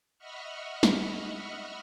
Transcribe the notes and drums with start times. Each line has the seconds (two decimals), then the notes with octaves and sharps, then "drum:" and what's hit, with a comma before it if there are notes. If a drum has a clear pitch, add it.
0.18 D#5 E5 F#5 B5 C#6 F6
0.83 drum: snare